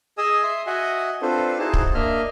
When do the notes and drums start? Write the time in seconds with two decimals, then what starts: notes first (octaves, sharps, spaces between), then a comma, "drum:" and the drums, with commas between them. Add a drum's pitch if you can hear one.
0.18 G#4 D#5 G#5 D#6 E6
0.43 E5 C6 D#6
0.67 F#4 D#5 E5 F#5 G#5
1.22 C4 D4 F4 A4 B4 C5
1.59 D#4 E4 F#4 G#4 C5 A5
1.74 drum: kick
1.94 A#3 D4 D#5 E5 F6